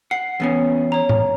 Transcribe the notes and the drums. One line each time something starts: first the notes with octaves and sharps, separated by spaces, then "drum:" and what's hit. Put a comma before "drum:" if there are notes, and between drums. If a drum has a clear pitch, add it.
F#5 C7
E2 B3 C#4
C#5 A#5
drum: tom A2